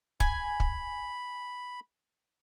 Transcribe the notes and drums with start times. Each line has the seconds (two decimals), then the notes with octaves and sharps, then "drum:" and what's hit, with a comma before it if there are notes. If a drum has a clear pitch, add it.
0.20 G#5 B5, drum: kick
0.60 drum: kick